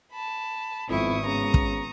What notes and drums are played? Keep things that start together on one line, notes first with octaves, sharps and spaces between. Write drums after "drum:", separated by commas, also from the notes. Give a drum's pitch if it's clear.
A5 B5
G#1 F2 B3 E4 C#6 D#6
C#3 A#5
drum: kick